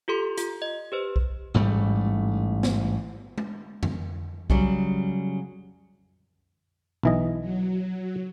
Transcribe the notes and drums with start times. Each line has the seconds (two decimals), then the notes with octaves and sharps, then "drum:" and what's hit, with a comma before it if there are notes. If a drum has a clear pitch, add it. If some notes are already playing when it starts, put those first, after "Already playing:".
0.08 F4 G4 A4 C6
0.38 F4, drum: hi-hat
0.62 D#5
0.92 G4 B4 C5
1.16 drum: kick B1
1.54 A1 G#2 G3 A3
2.63 drum: snare
3.38 drum: tom G#3
3.83 drum: tom F2
4.50 C#3 F#3 G3, drum: kick B1
7.03 B1 E3 D#5
7.40 F#3